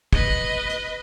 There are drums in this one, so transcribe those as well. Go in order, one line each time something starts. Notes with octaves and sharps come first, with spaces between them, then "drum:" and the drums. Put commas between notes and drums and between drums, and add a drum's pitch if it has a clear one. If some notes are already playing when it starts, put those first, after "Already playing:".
B4 D#5, drum: kick
drum: hi-hat